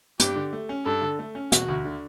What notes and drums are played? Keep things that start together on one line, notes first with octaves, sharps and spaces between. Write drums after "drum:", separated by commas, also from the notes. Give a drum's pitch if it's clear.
G2 G4, drum: hi-hat
D3
A3
C#4
G2 A4
D3
A3
C#4
E1 F#4, drum: hi-hat
D2
D3